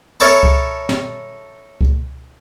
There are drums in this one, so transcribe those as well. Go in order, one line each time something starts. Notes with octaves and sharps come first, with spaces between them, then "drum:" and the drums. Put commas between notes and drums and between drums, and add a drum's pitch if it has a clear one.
A4 A#4 C#5 E5 A5 B5
drum: kick C#2
drum: snare
drum: kick C#2